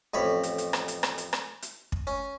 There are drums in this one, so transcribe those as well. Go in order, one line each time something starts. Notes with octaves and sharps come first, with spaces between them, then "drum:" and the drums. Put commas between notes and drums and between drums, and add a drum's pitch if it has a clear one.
A1 F2 C#5 B5
drum: hi-hat
drum: hi-hat
drum: rim click
drum: hi-hat
drum: rim click
drum: hi-hat
drum: rim click
drum: hi-hat
drum: kick
C#4